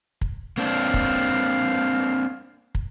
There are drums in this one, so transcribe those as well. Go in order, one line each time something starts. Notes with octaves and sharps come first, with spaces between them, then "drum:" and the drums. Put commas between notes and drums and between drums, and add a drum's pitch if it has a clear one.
drum: kick
A#3 C4 D4 F5
drum: kick
drum: kick